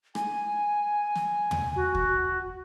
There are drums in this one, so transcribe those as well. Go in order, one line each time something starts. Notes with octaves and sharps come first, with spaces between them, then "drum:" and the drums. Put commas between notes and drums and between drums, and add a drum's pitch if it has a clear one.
G#5, drum: rim click
drum: snare
drum: tom
F#4
drum: kick